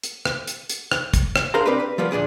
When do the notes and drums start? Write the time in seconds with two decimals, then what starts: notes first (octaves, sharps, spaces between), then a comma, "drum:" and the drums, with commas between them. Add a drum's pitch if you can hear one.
0.03 drum: hi-hat
0.25 drum: rim click
0.47 drum: hi-hat
0.69 drum: hi-hat
0.92 drum: rim click
1.14 drum: kick, hi-hat
1.36 drum: rim click
1.54 D4 G#4 A#4 C5 F5 A#5
1.66 C4 D4 G4 A#4 B4
1.80 B4
1.98 F3 G3 A#3 B3
2.11 D2 A#2 D4 G#4 D5